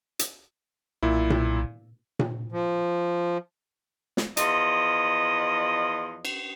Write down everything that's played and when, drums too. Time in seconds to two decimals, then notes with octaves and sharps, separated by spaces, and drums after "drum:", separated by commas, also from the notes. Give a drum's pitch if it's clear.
0.19 drum: hi-hat
1.03 B1 A#2 E4
1.30 drum: tom A#2
2.19 drum: tom A#2
2.52 F3
4.17 drum: snare
4.37 E2 F3 D#5, drum: hi-hat
6.25 drum: cymbal